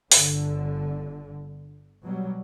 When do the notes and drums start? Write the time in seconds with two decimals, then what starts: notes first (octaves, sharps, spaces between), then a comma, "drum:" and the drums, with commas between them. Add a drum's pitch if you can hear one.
0.12 G1 D3, drum: open hi-hat
2.03 B2 F#3 G3